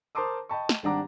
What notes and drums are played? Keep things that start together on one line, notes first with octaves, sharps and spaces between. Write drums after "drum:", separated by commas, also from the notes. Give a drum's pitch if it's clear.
A#4 C5 A5 C6 D6 D#6
D#5 G5 A5 B5 C#6
drum: snare
G#1 G3 D4 F#5 A#5 D6